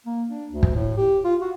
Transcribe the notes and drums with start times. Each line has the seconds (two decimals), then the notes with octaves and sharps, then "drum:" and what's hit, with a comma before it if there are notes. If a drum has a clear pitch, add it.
0.06 A#3
0.29 D4
0.51 D2
0.63 drum: kick
0.75 A2
0.98 G4
1.24 F4
1.41 F#4